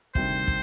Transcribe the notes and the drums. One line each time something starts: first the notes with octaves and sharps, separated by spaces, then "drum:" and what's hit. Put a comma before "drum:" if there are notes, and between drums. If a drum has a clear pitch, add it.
D2 C3 D#3 G3 C5, drum: kick
drum: kick